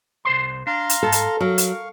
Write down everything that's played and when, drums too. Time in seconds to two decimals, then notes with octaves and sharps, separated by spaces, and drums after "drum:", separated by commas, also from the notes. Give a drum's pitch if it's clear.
0.25 C2 C5 C6
0.67 D4 F5 A#5 C6
0.89 drum: hi-hat
1.03 G#2 A4
1.12 drum: hi-hat
1.40 F#3 A#4 F5 C#6
1.58 drum: hi-hat